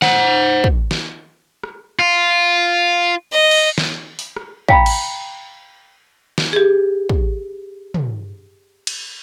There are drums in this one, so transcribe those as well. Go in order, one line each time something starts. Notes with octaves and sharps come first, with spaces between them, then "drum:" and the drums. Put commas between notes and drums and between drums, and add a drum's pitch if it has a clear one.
C5 F#5, drum: snare
drum: kick
drum: snare
drum: rim click
F4
D#5
drum: cymbal
drum: snare
drum: open hi-hat
drum: rim click
F5 G5 A#5 B5, drum: kick
drum: cymbal
drum: snare
G4 G#4
drum: kick
drum: tom
drum: cymbal